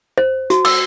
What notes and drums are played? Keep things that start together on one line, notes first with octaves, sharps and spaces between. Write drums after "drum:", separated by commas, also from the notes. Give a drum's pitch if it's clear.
C5
F#4, drum: hi-hat
E6, drum: cymbal